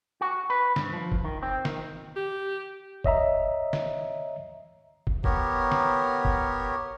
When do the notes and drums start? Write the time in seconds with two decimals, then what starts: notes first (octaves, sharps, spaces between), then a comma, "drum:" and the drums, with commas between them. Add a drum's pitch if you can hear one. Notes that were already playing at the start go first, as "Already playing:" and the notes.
0.21 F#4
0.50 B4
0.76 G2, drum: snare
0.93 F3
1.12 drum: kick
1.24 D#3
1.43 C4
1.65 D#3, drum: snare
2.16 G4
3.04 C#5 D#5 E5 A#5, drum: kick
3.73 drum: snare
5.07 drum: kick
5.24 B3 G4 A#4 C#5, drum: kick
5.72 drum: snare
6.25 drum: kick